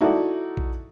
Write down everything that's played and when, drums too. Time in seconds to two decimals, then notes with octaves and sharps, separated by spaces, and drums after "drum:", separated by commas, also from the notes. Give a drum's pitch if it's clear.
0.01 D#4 E4 F#4 A4 D5
0.57 drum: kick A#1